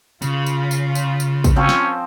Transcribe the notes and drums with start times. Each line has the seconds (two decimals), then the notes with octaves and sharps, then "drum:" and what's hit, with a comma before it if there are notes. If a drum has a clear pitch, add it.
0.22 C#3 F4, drum: tambourine
0.46 drum: tambourine
0.71 drum: tambourine
0.95 drum: tambourine
1.20 drum: tambourine
1.44 drum: kick, tambourine
1.56 F3 C4 C#4 C5
1.69 drum: snare